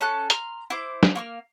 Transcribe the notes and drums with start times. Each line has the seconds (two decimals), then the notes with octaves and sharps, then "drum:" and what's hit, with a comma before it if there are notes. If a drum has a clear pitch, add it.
0.01 C#4 A4 A5 F#6
0.30 A#5 C6 F6, drum: hi-hat
0.70 E4 C5 D6
1.03 drum: snare
1.15 A#3 C#6 F6